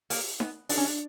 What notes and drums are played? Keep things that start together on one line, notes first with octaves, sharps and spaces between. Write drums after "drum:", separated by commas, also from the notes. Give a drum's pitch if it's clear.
A#3, drum: open hi-hat
B3, drum: snare D#4
D4, drum: open hi-hat
C#4
D4